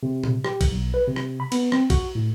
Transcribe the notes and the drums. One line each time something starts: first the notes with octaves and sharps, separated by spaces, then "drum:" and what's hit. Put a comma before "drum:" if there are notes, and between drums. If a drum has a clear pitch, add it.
C3
drum: tom A#2
G4, drum: rim click
drum: kick, cymbal
B1
B4
C3
drum: rim click
B5
B3, drum: cymbal
C4, drum: rim click
F#4, drum: kick, cymbal
A2